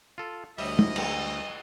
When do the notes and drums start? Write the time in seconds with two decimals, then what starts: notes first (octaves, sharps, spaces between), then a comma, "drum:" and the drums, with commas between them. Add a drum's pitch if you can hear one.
0.18 F4 A4
0.58 D2 G3 D#5 E5, drum: open hi-hat
0.79 drum: tom
0.96 drum: cymbal